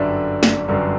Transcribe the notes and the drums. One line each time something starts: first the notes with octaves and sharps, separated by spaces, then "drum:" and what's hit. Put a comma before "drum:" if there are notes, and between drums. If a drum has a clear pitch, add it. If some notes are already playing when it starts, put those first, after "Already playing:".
Already playing: G1 F#2 D3 G3 D4 E5
drum: snare
G1 F#2 D3 G3 D4